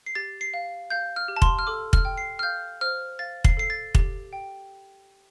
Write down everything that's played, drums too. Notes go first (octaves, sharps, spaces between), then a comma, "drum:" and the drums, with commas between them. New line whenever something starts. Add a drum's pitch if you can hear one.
C7
G4 A6
C7
F5
F5 G6
F6
G4
A5
C6, drum: kick
F6
A4 D6
F6, drum: kick
G5
C7
F6
F5 G6
C5 F6
F5 A6
C7, drum: kick
A4 C7
A6
G4, drum: kick
G5